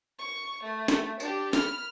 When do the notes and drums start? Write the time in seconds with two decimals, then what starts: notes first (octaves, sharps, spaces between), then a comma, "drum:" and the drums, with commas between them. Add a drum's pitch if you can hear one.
0.19 C#6
0.63 A3
0.88 drum: snare
1.20 D4 G4, drum: tambourine
1.53 B5 F6, drum: snare